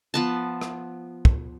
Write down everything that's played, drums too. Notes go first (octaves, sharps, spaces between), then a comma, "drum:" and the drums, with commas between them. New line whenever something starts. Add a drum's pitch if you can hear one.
F3 B3 A5
drum: rim click
drum: kick